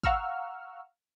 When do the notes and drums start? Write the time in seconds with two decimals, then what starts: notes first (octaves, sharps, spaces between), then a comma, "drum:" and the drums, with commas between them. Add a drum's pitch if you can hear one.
0.03 F5 F#5 A#5 C#6 E6 F6, drum: kick